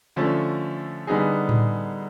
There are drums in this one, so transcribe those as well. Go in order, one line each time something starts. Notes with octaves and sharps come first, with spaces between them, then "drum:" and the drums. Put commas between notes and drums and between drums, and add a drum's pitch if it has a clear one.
D3 F3 A3 C#4
D3 G3 B3 D#4 G#4
drum: tom A2